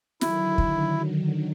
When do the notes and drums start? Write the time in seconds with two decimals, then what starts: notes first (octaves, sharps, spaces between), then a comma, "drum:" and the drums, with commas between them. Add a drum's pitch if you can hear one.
0.21 D3 D#3 F#3 E4, drum: snare
0.58 drum: kick